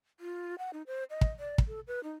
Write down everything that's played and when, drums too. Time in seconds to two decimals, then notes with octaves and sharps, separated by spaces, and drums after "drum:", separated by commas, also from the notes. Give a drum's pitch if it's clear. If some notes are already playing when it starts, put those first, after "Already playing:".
0.20 F4
0.58 F#5
0.73 D#4
0.87 C5
1.10 D#5
1.21 drum: kick
1.39 D5
1.58 drum: kick
1.68 A4
1.88 B4
2.04 D#4